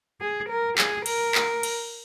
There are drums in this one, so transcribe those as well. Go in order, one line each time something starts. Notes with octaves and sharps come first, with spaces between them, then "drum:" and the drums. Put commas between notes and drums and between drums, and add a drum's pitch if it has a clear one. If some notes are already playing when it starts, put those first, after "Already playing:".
G#4
A#4
G#4, drum: clap
A#4, drum: cymbal
drum: clap
drum: cymbal